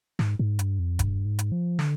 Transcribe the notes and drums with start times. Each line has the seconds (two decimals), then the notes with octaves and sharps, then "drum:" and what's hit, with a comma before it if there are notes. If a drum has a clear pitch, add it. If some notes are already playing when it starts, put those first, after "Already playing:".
0.19 G#2, drum: snare
0.39 G#2
0.59 G2, drum: hi-hat
0.79 F2
0.99 G2, drum: kick E1, hi-hat
1.25 G#2
1.39 drum: hi-hat
1.52 F3
1.79 D3, drum: snare